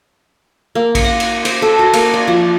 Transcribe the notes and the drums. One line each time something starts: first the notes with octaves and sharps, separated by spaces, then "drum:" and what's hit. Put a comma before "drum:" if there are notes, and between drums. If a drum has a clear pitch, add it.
A#3
drum: kick A#1, cymbal
F#5
drum: cymbal
C5, drum: cymbal
A4
F#4
A#3, drum: cymbal
D5
F3